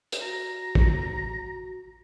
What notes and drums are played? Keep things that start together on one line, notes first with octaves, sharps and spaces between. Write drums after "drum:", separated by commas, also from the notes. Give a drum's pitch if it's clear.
drum: hi-hat
F#4 A#5
drum: kick